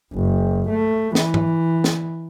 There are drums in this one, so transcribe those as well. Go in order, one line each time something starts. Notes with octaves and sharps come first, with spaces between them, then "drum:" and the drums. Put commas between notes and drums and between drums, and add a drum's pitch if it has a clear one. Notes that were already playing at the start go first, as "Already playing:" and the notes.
F#1
A3
E3, drum: snare
drum: tom G#2
drum: snare